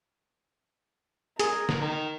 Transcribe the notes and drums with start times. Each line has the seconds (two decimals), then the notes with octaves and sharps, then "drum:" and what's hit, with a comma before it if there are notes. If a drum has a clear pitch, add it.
1.40 G#4 A#4, drum: hi-hat
1.69 drum: snare
1.81 D#3